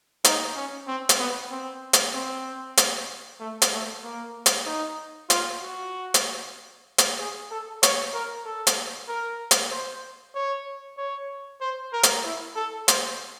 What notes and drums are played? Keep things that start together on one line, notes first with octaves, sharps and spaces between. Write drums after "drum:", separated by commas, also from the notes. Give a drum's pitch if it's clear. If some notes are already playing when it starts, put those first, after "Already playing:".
D#4, drum: hi-hat
C#4
C4
drum: hi-hat
B3
C4
drum: hi-hat
C4
drum: hi-hat
A3
drum: hi-hat
A3
A#3
drum: hi-hat
D#4
F4, drum: hi-hat
F#4
drum: hi-hat
drum: hi-hat
G#4
A4
C#5, drum: hi-hat
A#4
A4
drum: hi-hat
A#4
drum: hi-hat
C5
C#5
C#5
C5
A#4
drum: hi-hat
E4
A4
C5, drum: hi-hat